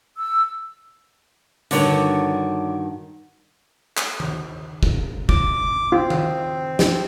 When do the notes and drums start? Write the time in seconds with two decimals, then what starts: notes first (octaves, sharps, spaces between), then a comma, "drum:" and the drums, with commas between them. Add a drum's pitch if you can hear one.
0.17 E6
1.71 G2 D3 D#3 F#4 C#5, drum: hi-hat
3.97 drum: clap
4.20 drum: tom D#3
4.83 drum: kick
5.29 D6, drum: kick
5.92 C4 F4
6.10 drum: tom D#3
6.79 drum: snare